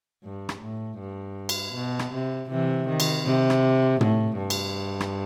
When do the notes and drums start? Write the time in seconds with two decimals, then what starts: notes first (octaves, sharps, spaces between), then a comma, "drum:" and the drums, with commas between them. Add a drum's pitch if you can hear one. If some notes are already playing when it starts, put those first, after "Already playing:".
0.24 G2
0.49 drum: rim click
0.61 A2
0.99 G2
1.49 drum: cymbal
1.74 B2
1.99 drum: rim click
2.12 C3
2.49 C3 E3
2.87 D#3
3.00 drum: cymbal
3.25 C3
3.50 drum: rim click
4.01 A2, drum: tom
4.37 G2
4.50 drum: cymbal
5.00 drum: rim click